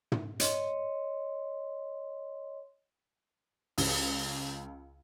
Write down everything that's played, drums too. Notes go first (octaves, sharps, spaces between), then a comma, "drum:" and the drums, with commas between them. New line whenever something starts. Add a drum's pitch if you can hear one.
drum: tom
C#5 D#5 C6, drum: hi-hat
C#2, drum: open hi-hat